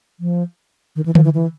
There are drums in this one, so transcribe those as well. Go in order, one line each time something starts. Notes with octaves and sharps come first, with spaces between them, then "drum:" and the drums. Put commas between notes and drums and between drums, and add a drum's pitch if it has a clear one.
F3
D#3
E3
F3, drum: tom D3
E3
E3